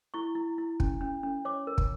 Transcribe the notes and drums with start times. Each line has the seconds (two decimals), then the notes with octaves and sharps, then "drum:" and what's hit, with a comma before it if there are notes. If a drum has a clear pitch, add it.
0.14 E4 C#6
0.35 E4
0.58 E4
0.80 C#4, drum: kick
1.01 C#4
1.23 C#4
1.45 C#5 D6
1.67 A#4
1.78 drum: kick